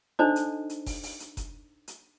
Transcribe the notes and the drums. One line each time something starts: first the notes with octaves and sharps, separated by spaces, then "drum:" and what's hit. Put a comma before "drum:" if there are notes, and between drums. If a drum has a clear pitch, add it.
D4 D#4 A4 C5 D5 D#5
drum: hi-hat
drum: hi-hat
drum: kick F1, open hi-hat
drum: open hi-hat
drum: hi-hat
drum: kick F1, hi-hat
drum: hi-hat